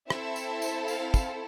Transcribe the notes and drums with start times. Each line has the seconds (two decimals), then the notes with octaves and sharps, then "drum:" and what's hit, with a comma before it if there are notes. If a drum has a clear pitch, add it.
0.10 C4 E4 A4 E5, drum: rim click
0.36 drum: tambourine
0.62 drum: tambourine
0.88 F5, drum: tambourine
1.14 drum: kick, tambourine